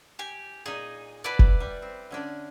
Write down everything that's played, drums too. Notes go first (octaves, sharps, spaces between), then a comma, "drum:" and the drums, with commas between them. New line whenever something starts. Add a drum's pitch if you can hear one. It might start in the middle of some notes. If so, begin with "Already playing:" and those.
G4 G#5
A#2 D#4 G#4
E4 A4 B4 D5 F#5
drum: kick F#1
G3
C4
D3 C#4 D4